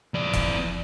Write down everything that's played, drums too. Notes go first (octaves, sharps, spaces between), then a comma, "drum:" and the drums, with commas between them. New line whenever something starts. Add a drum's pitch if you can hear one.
F2 D5
drum: kick E1, hi-hat